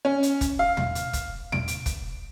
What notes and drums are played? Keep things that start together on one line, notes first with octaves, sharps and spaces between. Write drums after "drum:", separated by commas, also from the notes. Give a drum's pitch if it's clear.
C#4
drum: hi-hat
drum: kick, hi-hat
F5
drum: tom
drum: hi-hat
drum: kick, hi-hat
D7, drum: tom
drum: hi-hat
drum: kick, hi-hat